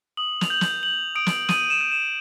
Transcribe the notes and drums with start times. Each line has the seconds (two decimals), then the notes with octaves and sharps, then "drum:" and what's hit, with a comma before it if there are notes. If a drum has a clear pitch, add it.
0.17 D#6 F#7
0.41 F7, drum: snare
0.50 G6 F#7
0.61 drum: snare
0.83 G6 F#7
1.15 D#6 D7
1.26 drum: snare
1.49 D#6 D#7, drum: snare
1.70 E7
1.81 G6
1.91 E7